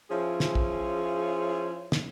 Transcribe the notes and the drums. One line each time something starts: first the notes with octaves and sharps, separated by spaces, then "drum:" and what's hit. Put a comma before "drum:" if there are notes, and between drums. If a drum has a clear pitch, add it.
F3 C#4 E4 F4 G#4
drum: snare
drum: kick
drum: snare